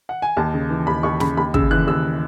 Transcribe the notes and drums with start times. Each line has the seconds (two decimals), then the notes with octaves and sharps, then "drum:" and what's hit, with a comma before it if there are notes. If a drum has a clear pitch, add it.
0.09 F#5
0.22 G#5
0.37 D#2 A5
0.54 C#3
0.70 E3
0.87 D#2 B5
1.03 D#2 C#6
1.20 C#3 B5, drum: snare
1.37 D#2 B5
1.54 C#3 E6, drum: kick
1.71 E3 F#6
1.87 D#2 E6